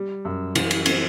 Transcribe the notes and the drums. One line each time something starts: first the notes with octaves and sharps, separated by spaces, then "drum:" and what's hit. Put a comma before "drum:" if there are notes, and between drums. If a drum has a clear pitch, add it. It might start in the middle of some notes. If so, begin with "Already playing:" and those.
Already playing: G3
F#2
E3, drum: cymbal
drum: cymbal
C4, drum: cymbal